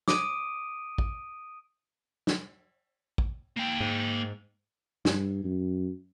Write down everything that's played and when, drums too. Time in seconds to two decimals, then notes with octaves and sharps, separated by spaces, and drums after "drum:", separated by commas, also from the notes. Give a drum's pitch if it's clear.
0.08 D6 D#6 D7 D#7, drum: snare
0.98 drum: kick
2.27 drum: snare
3.18 drum: kick
3.57 A#3 G5
3.80 G#2
5.05 G2, drum: snare
5.44 F#2